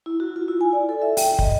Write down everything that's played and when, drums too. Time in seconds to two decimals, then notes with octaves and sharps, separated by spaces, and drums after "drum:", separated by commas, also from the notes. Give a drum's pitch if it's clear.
0.06 E4
0.20 F#4
0.36 F4
0.48 E4
0.61 G#5
0.73 D5
0.89 A4
1.02 E5
1.17 G5, drum: open hi-hat
1.39 D#5, drum: kick